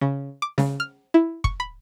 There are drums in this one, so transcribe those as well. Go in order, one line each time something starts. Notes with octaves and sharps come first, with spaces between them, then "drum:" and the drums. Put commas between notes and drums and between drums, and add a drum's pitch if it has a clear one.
C#3
D6
C#3, drum: snare C#4
F6
E4
C#6, drum: kick
B5